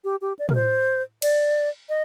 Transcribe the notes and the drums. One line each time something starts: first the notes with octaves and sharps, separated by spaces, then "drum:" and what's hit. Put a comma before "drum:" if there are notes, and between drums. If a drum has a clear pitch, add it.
G4
G4
D5
A#4, drum: tom
C5
D5, drum: cymbal
D#5